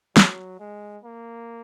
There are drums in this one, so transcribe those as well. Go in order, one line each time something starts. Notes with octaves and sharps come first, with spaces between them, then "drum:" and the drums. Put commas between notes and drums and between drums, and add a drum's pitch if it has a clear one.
F#3, drum: snare
G#3
A#3